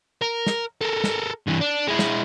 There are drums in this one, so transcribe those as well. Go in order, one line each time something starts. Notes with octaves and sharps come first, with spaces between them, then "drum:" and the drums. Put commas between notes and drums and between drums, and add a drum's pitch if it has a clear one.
A#4
drum: snare
A4 A#4
drum: snare
G2 E3
D4
G#3 E4
drum: snare